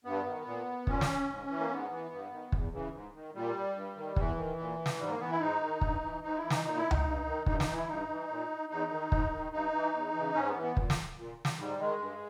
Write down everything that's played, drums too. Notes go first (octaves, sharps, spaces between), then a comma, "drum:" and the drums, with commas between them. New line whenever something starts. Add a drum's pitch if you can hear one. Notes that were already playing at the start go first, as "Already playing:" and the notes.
G2 B3
D#3
A#2
A#2 C#4, drum: kick
drum: snare
G#2
E3
A#3
G#2 B3
E3
G2
D#3
E2, drum: kick
C#3 E3
G#2
D#3
A#2 G3
G2
D#3
E2 E3, drum: kick
D#3
A#2
drum: snare
G#2 G3
A#3
E3 B3
E4
G#2 D#4
D#3
G2, drum: kick
E3
G#2 D#4
E4
E3
D#4, drum: snare
A#2 D#4
E4
D#4, drum: tom C#2
G2
D#3
G2 D#4, drum: kick
D#4, drum: snare
E3
E4
G2 D#4
E3
A#2
E2 D#4
D#3
G#2, drum: kick
D#3
G2 D#4
E3
E2
C#3 E3
G#2 C#4
B3
E3
B3
A#2, drum: kick
drum: snare
A#2
drum: snare
G#2 G3
D#3 G#3
G2